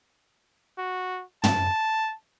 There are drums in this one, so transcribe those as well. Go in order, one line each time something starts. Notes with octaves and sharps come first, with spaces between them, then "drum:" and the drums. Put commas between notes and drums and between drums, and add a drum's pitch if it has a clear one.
F#4
A5, drum: tom